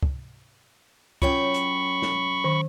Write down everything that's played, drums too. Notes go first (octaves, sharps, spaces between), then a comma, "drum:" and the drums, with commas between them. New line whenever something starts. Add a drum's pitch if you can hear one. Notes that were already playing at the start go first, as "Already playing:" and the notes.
drum: kick
F#2 F4 C#5 G5 B5 C#6, drum: kick
drum: hi-hat
drum: snare
D#3